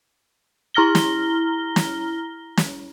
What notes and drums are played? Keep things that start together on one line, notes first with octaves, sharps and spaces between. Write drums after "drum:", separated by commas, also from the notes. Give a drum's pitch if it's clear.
E4 A#5 F6 A#6 G7
drum: snare
drum: snare
drum: snare